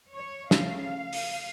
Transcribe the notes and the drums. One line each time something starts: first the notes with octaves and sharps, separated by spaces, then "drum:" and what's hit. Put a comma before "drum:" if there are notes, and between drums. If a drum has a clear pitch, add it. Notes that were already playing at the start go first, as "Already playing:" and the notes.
C#5
C#3 F3 A3 F5, drum: snare
drum: open hi-hat